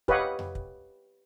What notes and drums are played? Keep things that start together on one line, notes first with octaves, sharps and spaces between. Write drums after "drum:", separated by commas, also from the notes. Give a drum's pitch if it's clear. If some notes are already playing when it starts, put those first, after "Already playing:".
G4 B4 C#5 D#5 F5 F#5, drum: kick
drum: tom F2
drum: kick